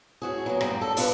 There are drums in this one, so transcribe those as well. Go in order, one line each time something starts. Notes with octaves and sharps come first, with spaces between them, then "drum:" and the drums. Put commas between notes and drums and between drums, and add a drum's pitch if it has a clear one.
A2 F#4 G#4
F#3 A#3 B3
F#2 G3 A#3, drum: rim click
A4
D4 F4 B4, drum: open hi-hat